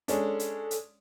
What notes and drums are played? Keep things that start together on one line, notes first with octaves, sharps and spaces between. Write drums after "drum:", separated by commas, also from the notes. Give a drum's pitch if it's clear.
G#3 C#4 D4 A4, drum: hi-hat
drum: hi-hat
drum: hi-hat